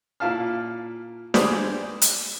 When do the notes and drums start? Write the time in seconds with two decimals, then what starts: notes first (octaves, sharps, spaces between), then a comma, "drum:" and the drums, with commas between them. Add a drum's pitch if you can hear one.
0.20 A#2 E4 F5 A5 F6
1.34 G4 G#4 C5 D5 B5 D#6, drum: snare
2.02 drum: hi-hat